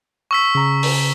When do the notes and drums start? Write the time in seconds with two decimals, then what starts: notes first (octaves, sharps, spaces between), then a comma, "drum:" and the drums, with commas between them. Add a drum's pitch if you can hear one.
0.31 C#6 E6 B6
0.55 C#3 A#5
0.83 drum: open hi-hat